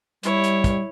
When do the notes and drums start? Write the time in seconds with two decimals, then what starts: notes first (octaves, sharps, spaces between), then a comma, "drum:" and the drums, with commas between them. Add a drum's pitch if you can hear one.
0.23 G3 E4 C#5, drum: hi-hat
0.44 drum: hi-hat
0.64 drum: kick, hi-hat